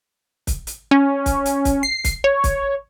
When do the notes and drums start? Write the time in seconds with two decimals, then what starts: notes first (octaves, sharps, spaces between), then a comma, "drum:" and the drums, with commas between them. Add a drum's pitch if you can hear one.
0.47 drum: kick, hi-hat
0.67 drum: hi-hat
0.91 C#4
1.26 drum: kick, hi-hat
1.45 drum: hi-hat
1.65 drum: kick, hi-hat
1.83 C7
2.04 drum: kick, hi-hat
2.24 C#5
2.44 drum: kick, hi-hat